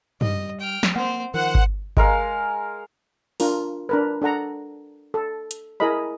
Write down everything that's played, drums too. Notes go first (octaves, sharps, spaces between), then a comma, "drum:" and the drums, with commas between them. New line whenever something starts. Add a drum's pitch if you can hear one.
G3 D#5, drum: tom
G5 F6
drum: snare
A#3 C4 C5 F#5
D#3 F3 A#4 C5 F#5
drum: kick G1
G#3 A#4 F5, drum: kick G1
D4 F4 A#4, drum: open hi-hat
D4 A#4 B4
D4 A4 F#5 A#5
A4
drum: hi-hat
E4 G#4 A#4 D#5 B5